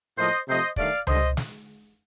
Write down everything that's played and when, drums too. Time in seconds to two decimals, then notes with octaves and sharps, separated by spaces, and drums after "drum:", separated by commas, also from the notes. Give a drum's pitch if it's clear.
0.17 A2 F3 A#3 C5 D#5
0.47 C3 F3 A3 C5 D#5
0.76 G2 D#3 A3 D5 F5, drum: kick
1.07 D3 G3 C5 D#5, drum: tom C#2
1.37 drum: snare